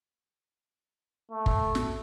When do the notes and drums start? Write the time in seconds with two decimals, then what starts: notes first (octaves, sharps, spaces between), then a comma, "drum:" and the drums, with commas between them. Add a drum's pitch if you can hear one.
1.31 A3
1.46 drum: kick
1.75 drum: snare